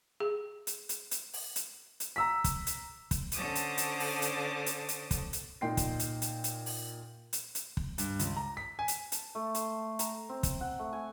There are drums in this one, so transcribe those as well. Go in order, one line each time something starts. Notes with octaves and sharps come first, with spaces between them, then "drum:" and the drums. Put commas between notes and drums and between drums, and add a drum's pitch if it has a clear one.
G#4
drum: hi-hat
drum: hi-hat
drum: hi-hat
drum: open hi-hat
drum: hi-hat
drum: hi-hat
A#5 E6 B6
drum: kick, hi-hat
drum: hi-hat
drum: kick, hi-hat
D3 C#4 C5 A5 D6 D#6, drum: hi-hat
drum: hi-hat
drum: hi-hat
drum: open hi-hat
drum: hi-hat
drum: hi-hat
drum: hi-hat
drum: kick, hi-hat
drum: hi-hat
A#2 D#4 G5 C6 C7
drum: kick, hi-hat
drum: hi-hat
drum: hi-hat
drum: hi-hat
drum: open hi-hat
drum: hi-hat
drum: hi-hat
drum: kick
G2, drum: hi-hat
C#2, drum: hi-hat
A#5
B6
G#5
drum: hi-hat
A5, drum: hi-hat
A3
C6, drum: hi-hat
A#5, drum: hi-hat
C4
drum: kick, hi-hat
F#5
A3
G#5